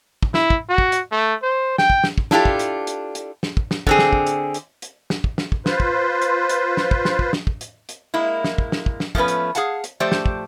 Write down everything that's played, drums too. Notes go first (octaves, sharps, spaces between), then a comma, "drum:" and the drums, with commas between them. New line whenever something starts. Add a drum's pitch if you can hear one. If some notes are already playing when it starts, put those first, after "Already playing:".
drum: kick
E4, drum: snare
drum: kick
F#4
drum: kick
drum: hi-hat
A3
C5
G5, drum: snare
drum: kick
drum: snare
drum: kick
D4 E4 F4 G4 A4, drum: snare
drum: kick
drum: hi-hat
drum: hi-hat
drum: hi-hat
drum: snare
drum: kick
drum: snare
D3 C4 G#4, drum: kick
drum: snare
drum: kick
drum: hi-hat
drum: hi-hat
drum: hi-hat
drum: snare
drum: kick
drum: snare
drum: kick
F4 B4 C5, drum: snare
drum: kick
drum: hi-hat
drum: hi-hat
drum: snare
drum: kick
drum: snare
drum: kick
drum: snare
drum: kick
drum: hi-hat
drum: hi-hat
G#3 A#3 E4
drum: snare
drum: kick
drum: snare
drum: kick
drum: snare
F3 A3 B3 C#4 B4, drum: kick
drum: hi-hat
G#4 F5 F#5 A5, drum: hi-hat
drum: hi-hat
F3 A3 G4 C5 D5
drum: snare
drum: kick